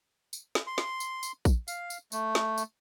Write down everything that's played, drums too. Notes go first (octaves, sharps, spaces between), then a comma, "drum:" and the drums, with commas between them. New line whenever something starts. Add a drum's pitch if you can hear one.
drum: tambourine
drum: snare
C6
drum: snare
drum: tambourine
drum: tambourine
drum: kick A#1, tambourine
F5, drum: tambourine
drum: tambourine
A3, drum: tambourine
drum: snare
drum: tambourine